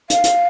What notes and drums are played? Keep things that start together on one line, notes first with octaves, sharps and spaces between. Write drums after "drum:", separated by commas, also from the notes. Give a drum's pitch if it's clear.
F5, drum: hi-hat
drum: hi-hat